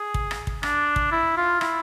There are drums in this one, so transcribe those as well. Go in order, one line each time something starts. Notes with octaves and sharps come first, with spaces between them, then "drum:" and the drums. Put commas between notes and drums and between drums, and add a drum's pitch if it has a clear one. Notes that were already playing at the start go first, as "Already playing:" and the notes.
Already playing: G#4
drum: kick
drum: rim click
drum: kick
D4, drum: rim click
drum: kick
E4
F4
E4, drum: rim click